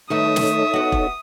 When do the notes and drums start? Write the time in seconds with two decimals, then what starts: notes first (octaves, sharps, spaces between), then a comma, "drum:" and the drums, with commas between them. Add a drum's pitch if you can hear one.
0.10 D#3 A3 D#4 A4 B4 C#5 E5 D#6
0.36 drum: snare
0.74 B3 F#4
0.92 drum: kick E1